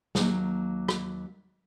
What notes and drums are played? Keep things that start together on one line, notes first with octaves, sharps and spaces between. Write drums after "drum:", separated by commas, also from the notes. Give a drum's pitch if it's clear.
D#2 F#3 A#3, drum: snare
drum: rim click